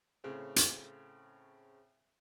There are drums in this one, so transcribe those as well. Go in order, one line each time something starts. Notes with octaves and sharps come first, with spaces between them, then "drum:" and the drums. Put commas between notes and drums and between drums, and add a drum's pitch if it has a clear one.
A2 C#3 C4
drum: hi-hat